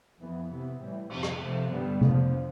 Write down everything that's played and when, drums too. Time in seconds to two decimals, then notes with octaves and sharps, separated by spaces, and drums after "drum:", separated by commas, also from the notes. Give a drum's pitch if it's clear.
0.19 F2 E3 B3
0.50 C3 E3 B3
0.79 A2 E3 G3
1.10 F2 C3 F3 C4, drum: cymbal
1.23 drum: rim click
1.40 C3 F3 A3 C4
1.71 G2 D3 G3 B3
2.01 F2 D3 F3, drum: tom C3